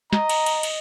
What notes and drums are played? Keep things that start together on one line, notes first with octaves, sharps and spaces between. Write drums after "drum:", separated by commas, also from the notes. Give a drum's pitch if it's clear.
D#5 A#5, drum: snare
drum: cymbal
drum: cymbal
drum: cymbal